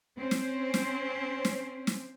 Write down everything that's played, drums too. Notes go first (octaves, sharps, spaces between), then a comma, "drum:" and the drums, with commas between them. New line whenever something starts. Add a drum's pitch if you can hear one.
C4 C#4 C5
drum: snare
drum: snare
drum: snare
drum: snare